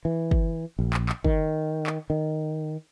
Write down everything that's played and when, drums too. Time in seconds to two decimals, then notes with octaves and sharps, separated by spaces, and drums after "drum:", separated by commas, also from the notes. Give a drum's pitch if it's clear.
0.05 E3
0.31 drum: kick
0.79 A#1
0.93 drum: clap
1.09 drum: clap
1.25 D#3, drum: kick
1.87 drum: clap
2.10 D#3